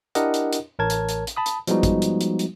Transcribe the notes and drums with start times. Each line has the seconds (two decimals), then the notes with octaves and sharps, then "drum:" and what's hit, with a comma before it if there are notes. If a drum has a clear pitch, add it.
0.15 D4 E4 G4 A#4 D#5 F#5, drum: hi-hat
0.34 drum: hi-hat
0.53 drum: hi-hat
0.79 A1 A#4 C#5 A5 G#6
0.90 drum: hi-hat
1.09 drum: hi-hat
1.27 drum: hi-hat
1.37 A5 B5 D#6
1.46 drum: hi-hat
1.67 F3 G3 G#3 B3 D#4 F#4, drum: hi-hat
1.83 drum: kick, hi-hat
2.02 drum: hi-hat
2.21 drum: hi-hat
2.39 drum: hi-hat